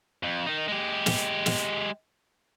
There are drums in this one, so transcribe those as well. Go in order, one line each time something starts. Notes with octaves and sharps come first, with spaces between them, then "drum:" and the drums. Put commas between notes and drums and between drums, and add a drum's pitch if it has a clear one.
F2
D#3 D#4
G#3 G4
drum: snare
drum: snare